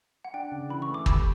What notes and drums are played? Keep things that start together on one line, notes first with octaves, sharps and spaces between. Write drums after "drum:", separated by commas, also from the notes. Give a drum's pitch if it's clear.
F#5
D4 G5
C#3
E3 B5
C#6
A3
D6
G4 B5, drum: kick